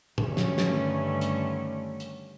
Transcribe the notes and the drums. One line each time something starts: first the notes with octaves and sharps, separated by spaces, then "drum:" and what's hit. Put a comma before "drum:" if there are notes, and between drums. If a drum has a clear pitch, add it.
G2 D3 D#3 A3 C#4, drum: tom
drum: snare
drum: snare
drum: hi-hat
drum: hi-hat